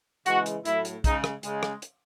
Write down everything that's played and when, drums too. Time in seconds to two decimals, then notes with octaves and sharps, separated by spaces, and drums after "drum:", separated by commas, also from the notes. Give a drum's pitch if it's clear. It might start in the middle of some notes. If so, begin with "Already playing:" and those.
0.26 C#3 E3 G#3 F#4, drum: hi-hat
0.46 drum: hi-hat
0.65 A2 F#3 A3 E4, drum: hi-hat
0.85 drum: hi-hat
1.04 C#3 G#3 D#4, drum: kick, hi-hat
1.24 drum: rim click
1.43 C#3 G#3, drum: hi-hat
1.63 drum: rim click
1.82 drum: hi-hat